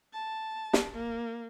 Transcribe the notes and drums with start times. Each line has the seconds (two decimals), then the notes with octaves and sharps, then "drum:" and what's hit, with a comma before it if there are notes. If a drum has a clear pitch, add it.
0.13 A5
0.73 drum: snare
0.93 A#3